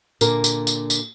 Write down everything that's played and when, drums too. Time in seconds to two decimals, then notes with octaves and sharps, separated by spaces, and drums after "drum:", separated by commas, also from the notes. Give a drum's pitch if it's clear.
0.21 A#2 D3 A#4, drum: tambourine
0.44 drum: tambourine
0.67 drum: tambourine
0.90 drum: tambourine